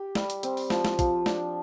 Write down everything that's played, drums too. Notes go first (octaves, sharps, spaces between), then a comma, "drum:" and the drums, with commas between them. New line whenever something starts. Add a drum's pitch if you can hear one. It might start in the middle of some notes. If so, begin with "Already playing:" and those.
Already playing: G4
G3, drum: snare
drum: hi-hat
C4, drum: hi-hat
drum: open hi-hat
F3, drum: snare
drum: snare
F3, drum: kick A1, hi-hat
D4, drum: snare